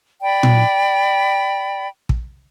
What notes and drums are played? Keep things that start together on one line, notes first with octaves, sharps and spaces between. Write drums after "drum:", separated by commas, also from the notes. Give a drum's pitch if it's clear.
D5 G5 B5
drum: tom A#2
drum: kick